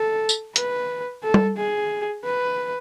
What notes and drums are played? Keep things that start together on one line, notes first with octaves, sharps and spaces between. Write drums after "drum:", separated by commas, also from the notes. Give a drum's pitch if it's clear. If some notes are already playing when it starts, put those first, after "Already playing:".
Already playing: A4
drum: tambourine
B4, drum: hi-hat
A4
drum: tom G3
G#4
B4